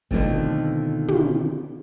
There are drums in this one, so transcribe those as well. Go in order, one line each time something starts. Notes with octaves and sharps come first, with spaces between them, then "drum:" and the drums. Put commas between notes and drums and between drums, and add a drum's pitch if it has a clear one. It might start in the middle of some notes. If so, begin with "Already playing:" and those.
B2 D3 D#3 F3 A3 C4, drum: kick
drum: tom